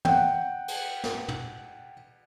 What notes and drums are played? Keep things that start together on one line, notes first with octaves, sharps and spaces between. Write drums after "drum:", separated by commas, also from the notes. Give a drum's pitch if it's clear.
F#5 G5, drum: tom
drum: cymbal
drum: snare
drum: tom